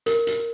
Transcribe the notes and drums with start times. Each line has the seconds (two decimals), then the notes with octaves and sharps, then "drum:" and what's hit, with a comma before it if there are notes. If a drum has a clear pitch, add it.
0.06 A#4, drum: hi-hat
0.27 drum: hi-hat